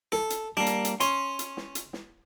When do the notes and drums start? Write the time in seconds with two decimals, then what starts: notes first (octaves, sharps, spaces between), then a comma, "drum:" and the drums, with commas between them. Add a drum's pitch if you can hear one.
0.12 A4, drum: snare
0.30 drum: hi-hat
0.57 G3 A#3 D4
0.67 drum: hi-hat
0.85 drum: hi-hat
1.01 C#4 C6, drum: hi-hat
1.39 drum: hi-hat
1.57 drum: snare
1.75 drum: hi-hat
1.93 drum: snare